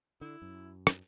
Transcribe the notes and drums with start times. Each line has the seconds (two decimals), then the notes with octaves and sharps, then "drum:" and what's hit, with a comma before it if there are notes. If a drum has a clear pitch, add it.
0.21 D3 E4
0.42 F#2
0.87 drum: rim click